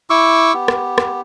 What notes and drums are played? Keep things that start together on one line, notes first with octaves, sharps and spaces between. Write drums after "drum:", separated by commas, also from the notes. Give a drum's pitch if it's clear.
E4 C#6 D6 E6
B3 G4
drum: rim click
drum: rim click